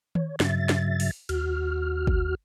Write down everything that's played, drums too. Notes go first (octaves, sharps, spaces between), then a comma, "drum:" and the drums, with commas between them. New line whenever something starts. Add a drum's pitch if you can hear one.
C#5, drum: tom D#3
G2 C#3 F#3 E5 A6, drum: snare
drum: snare
drum: open hi-hat
D#2 F#4 F6, drum: cymbal
drum: kick